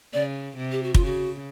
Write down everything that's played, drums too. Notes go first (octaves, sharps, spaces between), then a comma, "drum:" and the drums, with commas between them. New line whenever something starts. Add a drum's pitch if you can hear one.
C#3 D5
C3
G4
F#4
F4, drum: kick
C#3 F#4